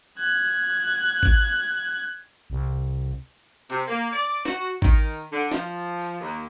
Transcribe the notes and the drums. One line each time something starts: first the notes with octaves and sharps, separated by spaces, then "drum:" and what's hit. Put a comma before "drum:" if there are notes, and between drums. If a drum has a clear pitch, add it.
F#6 G#6
drum: tambourine
drum: kick G#1
C2
C3, drum: hi-hat
A#3
D5
F#4, drum: snare
D#3, drum: kick G#1
D3
F3, drum: snare
drum: hi-hat
D#2